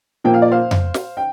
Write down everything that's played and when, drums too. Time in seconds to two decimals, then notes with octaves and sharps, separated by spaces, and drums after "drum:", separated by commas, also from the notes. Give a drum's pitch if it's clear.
0.24 A#2 F3 A#3 G5
0.34 F5
0.42 D5
0.51 C5 F5
0.71 drum: tom F2
0.94 drum: snare
1.17 G5